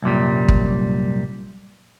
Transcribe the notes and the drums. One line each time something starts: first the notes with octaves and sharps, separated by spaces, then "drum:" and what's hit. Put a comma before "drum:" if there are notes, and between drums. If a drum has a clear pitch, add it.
C2 F#2 A#2 G3
drum: kick